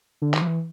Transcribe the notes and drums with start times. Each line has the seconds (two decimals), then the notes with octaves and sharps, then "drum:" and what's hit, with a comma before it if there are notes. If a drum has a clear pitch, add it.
0.22 D3
0.34 D#3, drum: clap
0.42 F3
0.47 E3